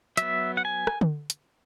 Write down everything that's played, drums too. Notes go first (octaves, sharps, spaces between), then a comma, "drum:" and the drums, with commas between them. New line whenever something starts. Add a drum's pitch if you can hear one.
F#3 B3 E5, drum: hi-hat
F#5
G#5
drum: rim click
drum: tom D3
drum: hi-hat